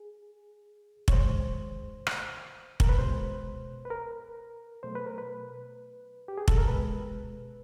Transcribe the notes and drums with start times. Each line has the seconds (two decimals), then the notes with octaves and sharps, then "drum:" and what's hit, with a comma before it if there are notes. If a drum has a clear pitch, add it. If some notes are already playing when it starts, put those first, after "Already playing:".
Already playing: G#4
1.08 C#5, drum: kick
1.13 F#2 D#3 G#3 C5
2.07 drum: rim click
2.80 A#4, drum: kick
2.89 B4
2.98 B2 G#3 C5
3.85 B4
3.90 A#4
4.83 B2 F#3 A3 C5
4.95 B4
5.06 A#4
5.18 B4
6.28 G4
6.38 G#4
6.48 A4, drum: kick
6.58 A#4
6.68 B2 G#3 B4